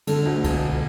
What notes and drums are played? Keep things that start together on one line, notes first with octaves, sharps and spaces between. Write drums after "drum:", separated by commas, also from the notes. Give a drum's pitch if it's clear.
D3 A4, drum: cymbal
D2
E1, drum: kick C2, cymbal